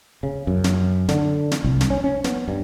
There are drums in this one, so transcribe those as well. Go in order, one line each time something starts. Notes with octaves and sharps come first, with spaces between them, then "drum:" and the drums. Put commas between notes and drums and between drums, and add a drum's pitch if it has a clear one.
C#3
F#2
drum: snare
D3, drum: snare
drum: snare
C2
drum: snare
C#4
C#4
B3, drum: snare
G2